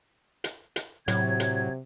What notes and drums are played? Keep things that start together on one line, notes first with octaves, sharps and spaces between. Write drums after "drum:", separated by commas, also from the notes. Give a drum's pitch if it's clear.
drum: hi-hat
drum: hi-hat
A2 C3 F#3 G#6, drum: hi-hat
drum: hi-hat